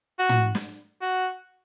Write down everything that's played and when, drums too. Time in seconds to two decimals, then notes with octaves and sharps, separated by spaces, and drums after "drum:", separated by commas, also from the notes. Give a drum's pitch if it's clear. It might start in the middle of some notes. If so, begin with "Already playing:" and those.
0.19 F#4
0.29 drum: tom
0.55 drum: snare
1.02 F#4